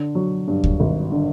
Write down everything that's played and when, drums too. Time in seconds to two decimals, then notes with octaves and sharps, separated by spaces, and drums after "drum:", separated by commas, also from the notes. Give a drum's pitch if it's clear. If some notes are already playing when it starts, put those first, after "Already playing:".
Already playing: D3
0.15 F#3
0.48 G2
0.64 drum: kick D2
0.80 G#1
1.12 D3